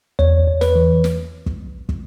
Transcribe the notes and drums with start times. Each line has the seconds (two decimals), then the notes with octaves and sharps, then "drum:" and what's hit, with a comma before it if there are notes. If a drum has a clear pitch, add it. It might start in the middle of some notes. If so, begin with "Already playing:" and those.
0.19 E2 C#5, drum: kick
0.47 E2
0.61 B4, drum: snare
0.75 E3
1.04 drum: snare
1.46 drum: kick
1.89 drum: kick